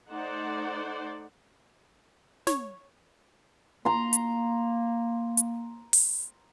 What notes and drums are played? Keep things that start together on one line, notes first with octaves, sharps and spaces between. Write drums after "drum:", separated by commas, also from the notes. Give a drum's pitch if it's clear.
A3 D#4 C5 D5 F#5
C#5, drum: snare
A#3 A#5 C6
drum: hi-hat
drum: hi-hat
drum: open hi-hat